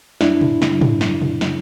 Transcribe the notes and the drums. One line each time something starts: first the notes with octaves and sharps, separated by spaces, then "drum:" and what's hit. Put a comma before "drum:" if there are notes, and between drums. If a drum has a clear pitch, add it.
F#2 D4 E4, drum: snare
drum: tom
C#3 F#3, drum: snare
drum: tom
F#2, drum: snare
drum: tom
C#3 F#3, drum: snare